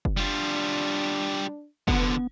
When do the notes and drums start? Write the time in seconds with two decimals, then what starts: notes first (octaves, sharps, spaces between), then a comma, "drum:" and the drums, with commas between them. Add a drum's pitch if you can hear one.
0.05 drum: kick
0.17 G3 D4 F4
1.88 D3 F3 B3, drum: kick